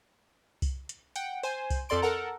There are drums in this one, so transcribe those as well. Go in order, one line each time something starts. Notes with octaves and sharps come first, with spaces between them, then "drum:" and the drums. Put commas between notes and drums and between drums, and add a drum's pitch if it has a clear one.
drum: kick C2, open hi-hat
drum: hi-hat
F#5 G5, drum: hi-hat
C5 G#5, drum: open hi-hat
drum: kick C2, open hi-hat
F2 A4 D5 C6 D7
A4 A#4 F#5 A#5